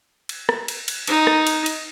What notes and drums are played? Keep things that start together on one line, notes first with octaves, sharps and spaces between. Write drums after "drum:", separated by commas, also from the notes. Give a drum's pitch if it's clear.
drum: cymbal
drum: rim click
drum: cymbal
drum: cymbal
D#4, drum: cymbal
drum: rim click
drum: cymbal
drum: cymbal